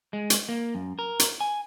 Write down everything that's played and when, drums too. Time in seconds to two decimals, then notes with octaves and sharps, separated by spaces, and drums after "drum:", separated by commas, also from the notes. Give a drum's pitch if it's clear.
0.13 G#3
0.30 drum: hi-hat
0.49 A#3
0.75 F#2
0.99 A#4
1.19 drum: hi-hat
1.41 G#5